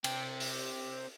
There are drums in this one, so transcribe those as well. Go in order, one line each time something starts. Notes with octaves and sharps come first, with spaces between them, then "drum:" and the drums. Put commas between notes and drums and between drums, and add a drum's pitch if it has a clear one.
C4 G4, drum: cymbal
drum: open hi-hat